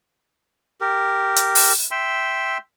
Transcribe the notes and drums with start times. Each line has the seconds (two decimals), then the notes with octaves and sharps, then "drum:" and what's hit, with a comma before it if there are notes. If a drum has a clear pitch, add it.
0.81 G4 A#4
1.36 drum: hi-hat
1.55 drum: open hi-hat
1.91 E5 G5 C6 E6